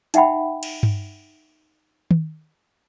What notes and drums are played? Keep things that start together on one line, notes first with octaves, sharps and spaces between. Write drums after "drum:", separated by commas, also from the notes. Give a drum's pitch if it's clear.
D#4 E5 F#5 G5 B5, drum: hi-hat
drum: cymbal
drum: tom G2
drum: tom D#3